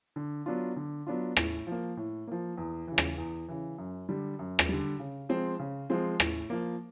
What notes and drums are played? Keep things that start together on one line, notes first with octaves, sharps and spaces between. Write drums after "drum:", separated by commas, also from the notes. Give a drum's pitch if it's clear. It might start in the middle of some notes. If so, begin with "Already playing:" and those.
D3
F#3 B3 D4 F4
D3
F#3 B3 D4 F4
A2, drum: rim click
F3 A#3
A2
F3 A#3
E2
C#3 E3
drum: rim click
E2
C#3 E3
F#2
D3 G3
F#2
drum: rim click
D3 G3
C#3
F3 G#3 C4
C#3
F3 G#3 C4
A2, drum: rim click
F3 A#3